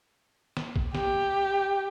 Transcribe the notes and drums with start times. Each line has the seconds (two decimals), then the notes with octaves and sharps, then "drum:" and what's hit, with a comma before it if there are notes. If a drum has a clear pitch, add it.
0.57 drum: snare
0.76 drum: kick
0.95 G4, drum: snare